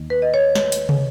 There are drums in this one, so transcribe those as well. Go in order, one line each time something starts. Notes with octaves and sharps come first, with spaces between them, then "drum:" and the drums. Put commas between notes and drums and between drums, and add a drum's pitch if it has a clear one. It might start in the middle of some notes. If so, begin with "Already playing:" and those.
Already playing: D#2 D#3 A#3
B4
D#5
C#5
C#5, drum: snare
drum: hi-hat
drum: tom